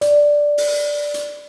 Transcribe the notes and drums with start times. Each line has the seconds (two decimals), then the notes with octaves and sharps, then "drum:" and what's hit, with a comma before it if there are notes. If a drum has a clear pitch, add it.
0.01 D5, drum: hi-hat
0.58 drum: open hi-hat
1.14 drum: hi-hat